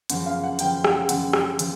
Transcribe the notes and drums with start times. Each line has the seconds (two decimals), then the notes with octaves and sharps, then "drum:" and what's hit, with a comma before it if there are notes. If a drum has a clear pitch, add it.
0.10 F#2 C#3 F3 F#5, drum: hi-hat
0.26 F5
0.43 F#5
0.59 F#2 C#3 F3 G5, drum: hi-hat
0.84 F#5, drum: rim click
1.09 F#2 C#3 F3 F#5, drum: hi-hat
1.33 drum: rim click
1.59 C#3 F3, drum: hi-hat